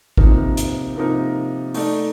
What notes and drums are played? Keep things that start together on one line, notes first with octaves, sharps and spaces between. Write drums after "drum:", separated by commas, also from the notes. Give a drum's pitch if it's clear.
C3 F3 A#3 D#4 A#4, drum: kick G#1
drum: hi-hat
C3 F3 A#3 D#4 A#4
A3 D#4 A4 D5, drum: open hi-hat